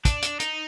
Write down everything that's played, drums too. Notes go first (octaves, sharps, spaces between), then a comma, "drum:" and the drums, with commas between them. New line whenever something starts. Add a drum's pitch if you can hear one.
D4, drum: kick, hi-hat
drum: hi-hat
D#4, drum: hi-hat